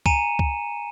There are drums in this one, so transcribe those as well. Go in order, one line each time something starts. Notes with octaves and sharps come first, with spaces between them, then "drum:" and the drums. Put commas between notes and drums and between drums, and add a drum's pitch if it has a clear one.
G#5 A#5 C#7 D#7 E7, drum: kick C#2
drum: kick C#2